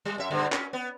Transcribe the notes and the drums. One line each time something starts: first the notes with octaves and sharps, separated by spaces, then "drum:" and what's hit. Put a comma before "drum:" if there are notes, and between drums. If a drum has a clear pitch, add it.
G3
F#2 E5
G2 B2 D3
C#4, drum: clap
B3